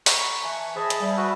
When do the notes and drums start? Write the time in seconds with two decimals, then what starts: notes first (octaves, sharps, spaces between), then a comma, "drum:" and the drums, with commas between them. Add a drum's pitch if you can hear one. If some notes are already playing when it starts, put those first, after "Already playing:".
0.06 A#5 B5 C#6 B6, drum: open hi-hat
0.43 E3 E5 G#5 A5
0.76 G#4 C5 D#5 E5 A5 B5
0.90 drum: hi-hat
1.00 G3 E5 G#5
1.17 F#4 B4 E6